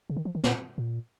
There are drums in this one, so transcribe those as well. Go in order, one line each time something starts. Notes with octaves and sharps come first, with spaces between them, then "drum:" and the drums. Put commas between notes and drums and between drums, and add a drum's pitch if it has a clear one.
C#3
D#3
F3
D#3
A#2, drum: snare
A#2